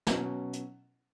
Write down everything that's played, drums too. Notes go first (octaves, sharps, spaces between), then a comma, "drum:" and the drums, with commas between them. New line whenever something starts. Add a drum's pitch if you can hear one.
B2 F#3 C#4, drum: snare
drum: hi-hat